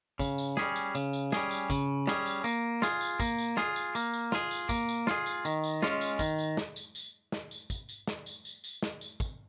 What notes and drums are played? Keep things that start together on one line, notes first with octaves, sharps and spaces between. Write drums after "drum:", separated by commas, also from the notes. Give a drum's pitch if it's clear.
C#3, drum: kick, tambourine
drum: tambourine
G3 C#4 G#4, drum: snare
drum: tambourine
C#3, drum: tambourine
drum: tambourine
G3 C#4 G#4, drum: snare
drum: tambourine
C#3, drum: kick, tambourine
G3 C#4 G#4, drum: snare
drum: tambourine
A#3, drum: tambourine
F4 G#4, drum: snare
drum: tambourine
A#3, drum: kick, tambourine
drum: tambourine
F4 G#4, drum: snare
drum: tambourine
A#3, drum: tambourine
drum: tambourine
F4 G#4, drum: snare
drum: tambourine
A#3, drum: kick, tambourine
drum: tambourine
F4 G#4, drum: snare
drum: tambourine
D#3, drum: tambourine
drum: tambourine
G#3 C#4 F4, drum: snare
drum: tambourine
D#3, drum: kick, tambourine
drum: tambourine
drum: snare
drum: tambourine
drum: tambourine
drum: snare
drum: tambourine
drum: kick, tambourine
drum: tambourine
drum: snare
drum: tambourine
drum: tambourine
drum: tambourine
drum: snare
drum: tambourine
drum: kick, tambourine